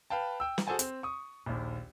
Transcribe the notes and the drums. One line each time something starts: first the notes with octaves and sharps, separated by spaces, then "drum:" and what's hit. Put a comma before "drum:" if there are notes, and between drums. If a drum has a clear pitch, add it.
B4 F5 G5 A5
G5 E6
drum: snare
F#4 G#4 A4 C5 G#5 A5
C4, drum: hi-hat
C#6 D#6
A#1 D#2